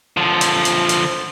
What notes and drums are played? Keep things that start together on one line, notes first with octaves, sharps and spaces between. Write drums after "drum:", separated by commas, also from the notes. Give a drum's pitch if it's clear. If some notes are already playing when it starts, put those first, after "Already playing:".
D3 F3
drum: hi-hat
drum: hi-hat
drum: hi-hat